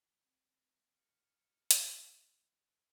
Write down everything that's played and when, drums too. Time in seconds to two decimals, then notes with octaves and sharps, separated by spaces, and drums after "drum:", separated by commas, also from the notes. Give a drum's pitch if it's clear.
0.24 C4
0.95 F6 C#7
1.71 drum: hi-hat